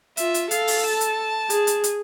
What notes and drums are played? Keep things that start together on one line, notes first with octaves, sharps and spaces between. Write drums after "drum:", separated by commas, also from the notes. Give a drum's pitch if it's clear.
F4 E5, drum: hi-hat
drum: hi-hat
A4 F5, drum: hi-hat
drum: open hi-hat
A5
drum: hi-hat
G#4, drum: hi-hat
drum: hi-hat
drum: hi-hat